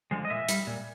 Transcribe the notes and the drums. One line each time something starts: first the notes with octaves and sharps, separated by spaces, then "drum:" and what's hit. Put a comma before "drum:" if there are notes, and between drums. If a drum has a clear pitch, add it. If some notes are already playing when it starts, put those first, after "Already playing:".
D3 F3 G#3
D#5
A#2 E5
G3, drum: hi-hat
A#2